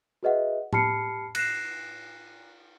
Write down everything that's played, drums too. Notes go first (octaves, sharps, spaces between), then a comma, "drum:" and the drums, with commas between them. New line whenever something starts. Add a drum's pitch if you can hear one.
F#4 G#4 B4 D#5 E5 F#5
G4 A5 B5 F6 C7 C#7, drum: tom A2
F#6 A#6 C7 E7, drum: cymbal